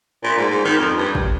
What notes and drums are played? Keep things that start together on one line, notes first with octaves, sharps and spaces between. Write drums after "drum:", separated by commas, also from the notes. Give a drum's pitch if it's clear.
A#2
G#2
G#2
D#3
F2
G2
drum: kick